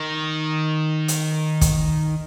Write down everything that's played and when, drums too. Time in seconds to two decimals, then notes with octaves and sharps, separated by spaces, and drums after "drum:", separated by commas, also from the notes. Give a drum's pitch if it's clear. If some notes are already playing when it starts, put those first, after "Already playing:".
Already playing: D#3
1.08 drum: hi-hat
1.61 drum: kick, hi-hat